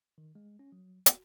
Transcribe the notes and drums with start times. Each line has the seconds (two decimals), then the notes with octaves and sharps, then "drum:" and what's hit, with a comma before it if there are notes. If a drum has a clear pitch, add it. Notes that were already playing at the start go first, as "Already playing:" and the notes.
0.18 D#3
0.35 G#3
0.59 C#4
0.72 F#3
1.06 F#4, drum: hi-hat